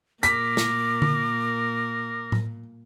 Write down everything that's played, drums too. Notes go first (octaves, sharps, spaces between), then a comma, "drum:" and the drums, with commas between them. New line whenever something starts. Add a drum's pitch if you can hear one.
A#2 A#4 D6 B6, drum: hi-hat
drum: snare
drum: tom D3
drum: tom A2